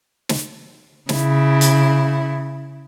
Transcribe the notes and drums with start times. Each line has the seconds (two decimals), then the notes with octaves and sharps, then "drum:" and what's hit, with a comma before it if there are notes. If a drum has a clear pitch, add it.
0.29 drum: snare
1.09 C#3 E4, drum: snare
1.61 drum: hi-hat